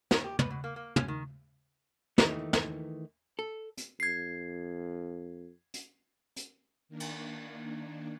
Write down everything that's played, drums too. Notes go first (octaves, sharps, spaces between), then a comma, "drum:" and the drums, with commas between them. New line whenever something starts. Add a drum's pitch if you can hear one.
D#3, drum: snare
G4
B4, drum: tom
B2
A#3
A#3
C#4, drum: tom
D#3
D#3 E3 A3, drum: snare
drum: snare
A4
drum: hi-hat
F2 G#6 C7
drum: hi-hat
drum: hi-hat
D#3 A#3 D4
drum: cymbal